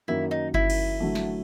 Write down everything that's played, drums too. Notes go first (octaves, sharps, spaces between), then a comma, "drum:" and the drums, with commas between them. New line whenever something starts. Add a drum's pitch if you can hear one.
F#2 D#3 F#3 A#3 E4
D#4
E4, drum: kick G1
drum: cymbal
D3 F#3 A3
drum: snare